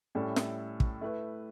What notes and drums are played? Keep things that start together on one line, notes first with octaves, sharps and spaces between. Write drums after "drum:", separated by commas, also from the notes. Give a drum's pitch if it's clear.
A2 G3 C#4 E4 A4
drum: snare
drum: kick
A3 E4 B4